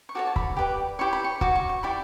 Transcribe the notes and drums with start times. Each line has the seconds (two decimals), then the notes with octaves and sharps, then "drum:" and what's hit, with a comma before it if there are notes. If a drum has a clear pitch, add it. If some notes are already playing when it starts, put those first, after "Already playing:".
0.09 C#6
0.15 F#4 A4 C#5 D6
0.27 A5
0.36 B5, drum: kick C#1
0.57 G4 B4 D5
0.99 E4 G4 C#5 C#6
1.13 B5
1.25 C#6
1.41 F#4 C#5 D6, drum: kick C#1
1.55 C#6
1.69 C#6
1.83 E4 G4 D5 B5